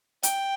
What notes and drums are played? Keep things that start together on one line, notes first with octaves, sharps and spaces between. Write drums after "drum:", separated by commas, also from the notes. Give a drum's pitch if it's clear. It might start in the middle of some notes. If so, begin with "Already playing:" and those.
G5, drum: hi-hat